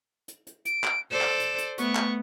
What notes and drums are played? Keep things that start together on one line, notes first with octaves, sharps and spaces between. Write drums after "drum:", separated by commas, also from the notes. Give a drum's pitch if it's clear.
drum: hi-hat
drum: hi-hat
D7, drum: hi-hat
drum: clap
A4 C5 D5 E7
drum: clap
drum: hi-hat
drum: hi-hat
A3 B3 C#6, drum: hi-hat
drum: clap